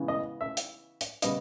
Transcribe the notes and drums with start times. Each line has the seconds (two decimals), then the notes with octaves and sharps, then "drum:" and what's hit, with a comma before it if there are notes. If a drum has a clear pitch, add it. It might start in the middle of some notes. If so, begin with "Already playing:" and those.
Already playing: C#3 E3 G#3 B3
0.08 D#5
0.41 E5
0.57 drum: hi-hat
1.01 drum: hi-hat
1.22 C#3 G3 B3 D#5, drum: hi-hat